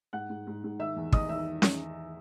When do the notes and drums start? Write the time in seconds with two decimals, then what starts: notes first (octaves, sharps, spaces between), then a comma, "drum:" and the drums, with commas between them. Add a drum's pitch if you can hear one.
0.13 G#2 F#5 F#6
0.29 G#2
0.47 G#2
0.64 G#2
0.79 D#3 E5 E6
0.96 E2
1.12 E2 D#5 D#6, drum: kick
1.29 D#3 E5 E6
1.62 drum: snare C#4